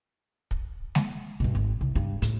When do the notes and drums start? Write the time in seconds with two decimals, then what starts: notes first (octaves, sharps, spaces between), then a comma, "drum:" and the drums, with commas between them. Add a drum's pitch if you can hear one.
0.51 drum: kick
0.95 drum: snare G#3
1.40 G2 B2
1.55 G#1
1.81 C2
1.96 G2
2.22 A2, drum: hi-hat